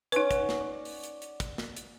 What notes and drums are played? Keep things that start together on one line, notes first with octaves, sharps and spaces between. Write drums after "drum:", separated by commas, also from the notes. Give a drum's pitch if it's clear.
C#4 D#4 B4 F#5, drum: hi-hat
drum: kick, hi-hat
drum: snare
D5
drum: open hi-hat
drum: hi-hat
drum: hi-hat
drum: kick, hi-hat
drum: snare
drum: hi-hat